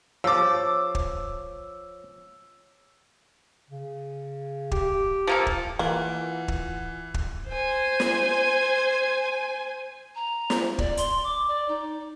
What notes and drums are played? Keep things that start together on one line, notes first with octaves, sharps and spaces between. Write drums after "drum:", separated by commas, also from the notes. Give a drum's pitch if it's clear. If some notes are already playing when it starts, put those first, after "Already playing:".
F3 C#5 A5 D6 E6
drum: kick
C#3
G4, drum: kick
F3 A#3 A4
drum: kick
E3 A#3 F4 F#5 G#5
drum: kick
drum: kick
C5 G#5
drum: snare
A#5
drum: snare
D5, drum: kick
C6, drum: hi-hat
D6
D5
D#4